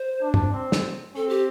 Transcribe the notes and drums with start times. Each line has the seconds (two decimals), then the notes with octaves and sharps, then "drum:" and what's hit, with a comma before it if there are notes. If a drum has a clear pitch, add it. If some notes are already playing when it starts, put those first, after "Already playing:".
Already playing: C5
0.21 D4
0.34 drum: tom
0.53 C4
0.72 drum: snare
1.15 C4 A4
1.29 G4